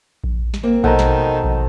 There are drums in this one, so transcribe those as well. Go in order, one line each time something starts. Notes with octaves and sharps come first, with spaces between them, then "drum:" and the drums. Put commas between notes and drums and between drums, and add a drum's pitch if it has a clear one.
drum: kick A#1
drum: snare
A#3 C4
B2 D#3 A4 C5 F#5 A5 A#5, drum: kick A#1
drum: snare
drum: kick A#1